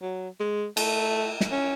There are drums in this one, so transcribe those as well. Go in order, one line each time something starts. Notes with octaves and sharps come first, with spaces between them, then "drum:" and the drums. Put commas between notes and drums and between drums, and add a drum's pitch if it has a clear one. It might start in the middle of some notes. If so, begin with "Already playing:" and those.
F#3
G#3
A3, drum: cymbal
drum: snare
C#4